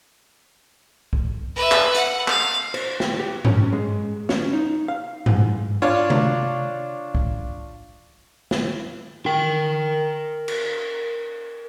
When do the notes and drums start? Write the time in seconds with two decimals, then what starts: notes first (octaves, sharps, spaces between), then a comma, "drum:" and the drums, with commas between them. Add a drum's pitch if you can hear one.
1.13 drum: kick C2
1.55 B4 E5
1.72 drum: clap
1.94 F#5, drum: hi-hat
2.28 F5, drum: clap
2.74 C5, drum: cymbal
3.00 G5, drum: snare
3.20 G4
3.45 C#4, drum: tom G2
3.73 G#3
4.29 C#4, drum: snare
4.53 D#4
4.88 F5
5.26 G#2, drum: tom G2
5.82 D4 F4 C#5
6.10 drum: tom C3
7.15 drum: kick C2
8.51 drum: snare
9.26 A#4 G5
10.48 drum: cymbal